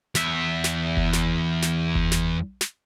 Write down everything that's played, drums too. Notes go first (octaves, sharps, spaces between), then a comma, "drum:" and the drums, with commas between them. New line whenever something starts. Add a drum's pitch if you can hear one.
E2 E5, drum: snare
drum: snare
drum: kick F#1
drum: snare
drum: snare
drum: kick F#1
drum: snare
drum: snare